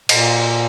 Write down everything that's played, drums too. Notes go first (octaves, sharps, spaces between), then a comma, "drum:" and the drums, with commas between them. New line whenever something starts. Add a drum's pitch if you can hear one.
A#2, drum: cymbal